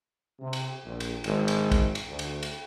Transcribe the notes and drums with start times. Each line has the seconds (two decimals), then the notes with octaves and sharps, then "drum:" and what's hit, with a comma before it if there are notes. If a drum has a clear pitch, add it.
0.40 C3
0.53 drum: cymbal
0.84 A#1
1.00 drum: cymbal
1.24 G#1, drum: cymbal
1.48 drum: cymbal
1.71 drum: kick, cymbal
1.95 drum: cymbal
2.08 D2
2.19 drum: cymbal
2.43 drum: cymbal